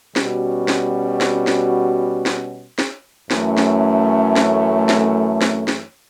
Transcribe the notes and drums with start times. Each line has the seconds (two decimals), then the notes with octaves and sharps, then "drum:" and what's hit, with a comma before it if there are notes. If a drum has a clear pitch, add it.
0.16 B2 G3 C#4 F#4, drum: snare
0.68 drum: snare
1.21 drum: snare
1.47 drum: snare
2.26 drum: snare
2.79 drum: snare
3.31 F#2 E3 A3 C#4, drum: snare
3.57 drum: snare
4.36 drum: snare
4.89 drum: snare
5.41 drum: snare
5.68 drum: snare